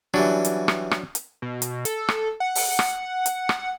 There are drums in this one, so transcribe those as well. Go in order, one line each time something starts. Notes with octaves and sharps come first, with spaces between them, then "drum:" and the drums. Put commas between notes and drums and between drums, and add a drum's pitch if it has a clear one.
E3 F#3 G3 C#4 D4
drum: hi-hat
drum: rim click
drum: rim click
drum: hi-hat
B2
drum: hi-hat
A4, drum: hi-hat
drum: rim click
F#5
drum: open hi-hat
drum: rim click
drum: hi-hat
drum: rim click